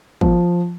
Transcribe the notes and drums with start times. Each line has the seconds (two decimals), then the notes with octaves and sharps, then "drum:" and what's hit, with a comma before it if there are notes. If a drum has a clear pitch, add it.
0.21 F3, drum: kick